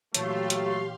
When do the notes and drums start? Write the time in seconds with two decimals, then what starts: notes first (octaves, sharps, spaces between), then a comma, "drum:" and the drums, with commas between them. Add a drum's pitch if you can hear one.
0.15 A#2 E3 F#3 A3 G4 C#5 F5 C6, drum: hi-hat
0.50 drum: hi-hat